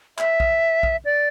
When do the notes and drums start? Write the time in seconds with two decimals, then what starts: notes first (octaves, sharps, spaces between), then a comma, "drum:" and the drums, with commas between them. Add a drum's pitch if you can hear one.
0.18 E5, drum: clap
0.40 drum: kick B1
0.83 drum: kick B1
1.05 D5